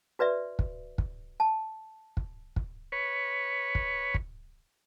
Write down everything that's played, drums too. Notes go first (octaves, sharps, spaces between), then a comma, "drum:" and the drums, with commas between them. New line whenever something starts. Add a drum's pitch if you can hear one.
F#4 B4 D5 E5
drum: kick
drum: kick
A5
drum: kick
drum: kick
B4 C#5
drum: kick
drum: kick